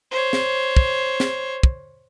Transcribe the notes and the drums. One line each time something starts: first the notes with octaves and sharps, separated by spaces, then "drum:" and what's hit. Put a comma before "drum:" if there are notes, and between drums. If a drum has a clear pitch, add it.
C5 C#5
drum: snare
drum: kick
drum: snare
drum: kick